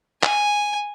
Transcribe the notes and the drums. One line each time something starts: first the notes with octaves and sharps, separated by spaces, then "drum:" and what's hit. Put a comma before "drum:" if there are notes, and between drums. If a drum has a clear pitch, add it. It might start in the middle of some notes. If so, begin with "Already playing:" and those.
G#5, drum: clap